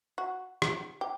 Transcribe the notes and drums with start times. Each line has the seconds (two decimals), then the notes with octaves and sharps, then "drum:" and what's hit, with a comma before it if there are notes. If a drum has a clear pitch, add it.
0.18 F#4
0.62 drum: rim click
1.01 G4